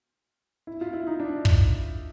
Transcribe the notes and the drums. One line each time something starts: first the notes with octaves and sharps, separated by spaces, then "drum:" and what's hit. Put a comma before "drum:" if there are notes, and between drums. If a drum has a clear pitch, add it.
E4
F4
E4
D#4
D4
drum: kick